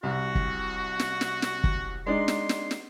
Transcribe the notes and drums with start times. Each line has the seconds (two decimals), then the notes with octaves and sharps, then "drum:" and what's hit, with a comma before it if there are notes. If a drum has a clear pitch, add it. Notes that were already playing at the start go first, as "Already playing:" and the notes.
0.03 C2 F#4
0.35 drum: kick
0.99 drum: snare
1.21 drum: snare
1.42 drum: snare
1.64 drum: kick
2.06 G#3 D4 D#4 C6
2.28 drum: snare
2.49 drum: snare
2.71 drum: snare